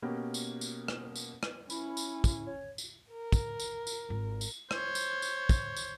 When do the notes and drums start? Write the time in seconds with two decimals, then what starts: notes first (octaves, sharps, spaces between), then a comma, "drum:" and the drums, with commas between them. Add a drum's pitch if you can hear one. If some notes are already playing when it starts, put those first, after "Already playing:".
0.02 B2 A#3 C#4 G4
0.34 drum: tambourine
0.61 drum: tambourine
0.88 drum: rim click
1.16 drum: tambourine
1.43 drum: rim click
1.70 C#4 E4 B5, drum: tambourine
1.97 drum: tambourine
2.24 drum: kick, tambourine
2.46 C#5
2.78 drum: tambourine
3.10 A#4
3.32 drum: kick, tambourine
3.60 drum: tambourine
3.87 drum: tambourine
4.09 G#1 F4
4.41 drum: tambourine
4.71 C5 C#5, drum: rim click
4.95 drum: tambourine
5.22 drum: tambourine
5.49 drum: kick, tambourine
5.77 drum: tambourine